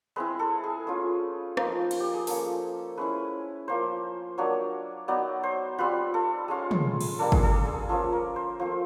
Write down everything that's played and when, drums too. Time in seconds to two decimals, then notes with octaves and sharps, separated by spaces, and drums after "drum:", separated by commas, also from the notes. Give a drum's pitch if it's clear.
0.16 G#3 C4 E4 B4
0.39 A4
0.64 G#4
0.87 A3 C#4 F4
1.57 F3 A#3 D#4, drum: rim click
1.91 drum: cymbal
2.00 G4
2.14 G#4
2.27 F3 A#3 C#4 A4, drum: open hi-hat
2.97 G#3 C#4 E4 B4
3.68 F3 A#3 C#4 C5
4.38 F#3 A#3 D4 C#5
5.08 F#3 B3 D#4 D5
5.43 C5
5.78 G3 C4 F4 B4
6.14 A4
6.48 G#3 C#4 F4
6.71 drum: tom
7.01 drum: cymbal
7.19 G3 A#3 D4 A4
7.32 G#4, drum: kick
7.43 A4
7.65 G#4
7.89 F3 A#3 C#4 F4 A4
8.13 A#4
8.36 C5
8.60 F3 A3 C4 C5